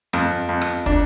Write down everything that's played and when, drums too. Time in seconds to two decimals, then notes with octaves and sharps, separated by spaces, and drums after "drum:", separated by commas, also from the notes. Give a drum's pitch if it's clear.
0.13 F2, drum: rim click
0.49 F2
0.62 drum: rim click
0.86 D4, drum: kick